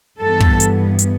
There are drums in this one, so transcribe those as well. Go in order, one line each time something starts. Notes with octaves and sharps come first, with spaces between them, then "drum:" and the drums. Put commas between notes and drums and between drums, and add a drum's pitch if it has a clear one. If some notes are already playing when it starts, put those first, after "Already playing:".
G2 E3 B3 A4
drum: kick
drum: hi-hat
drum: hi-hat